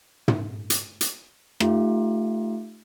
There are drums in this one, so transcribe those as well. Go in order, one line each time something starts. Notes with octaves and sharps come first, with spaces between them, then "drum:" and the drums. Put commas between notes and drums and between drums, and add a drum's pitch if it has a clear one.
drum: tom
drum: hi-hat
drum: hi-hat
A3 D#4 F4 G4, drum: rim click